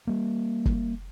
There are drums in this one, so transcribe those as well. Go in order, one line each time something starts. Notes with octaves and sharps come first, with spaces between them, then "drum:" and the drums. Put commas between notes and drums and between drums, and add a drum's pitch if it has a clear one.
G3 A#3
drum: kick